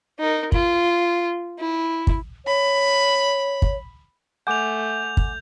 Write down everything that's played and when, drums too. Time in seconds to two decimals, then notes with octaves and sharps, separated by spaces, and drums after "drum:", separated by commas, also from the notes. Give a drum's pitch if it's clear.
0.20 D#4 A#4
0.52 F4, drum: kick
1.59 E4
2.07 drum: kick
2.46 C#5 B5
3.62 drum: kick
4.47 A3 F#5 G#5 D6 G6 F7
5.17 drum: kick